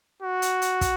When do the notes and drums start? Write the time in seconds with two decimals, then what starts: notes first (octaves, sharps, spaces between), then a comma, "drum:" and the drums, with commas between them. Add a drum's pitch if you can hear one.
0.23 F#4
0.42 drum: hi-hat
0.62 drum: hi-hat
0.81 drum: kick, hi-hat